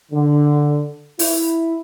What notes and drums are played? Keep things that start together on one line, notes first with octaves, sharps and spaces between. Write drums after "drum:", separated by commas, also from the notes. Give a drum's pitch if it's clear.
D3
E4, drum: open hi-hat